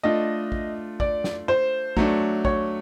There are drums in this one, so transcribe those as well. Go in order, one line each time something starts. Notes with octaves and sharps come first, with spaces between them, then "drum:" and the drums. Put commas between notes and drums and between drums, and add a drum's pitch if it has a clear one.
A3 D4 F4 D#5
drum: kick
D5, drum: kick
drum: snare
C5
F#3 A3 D4, drum: kick
C#5, drum: kick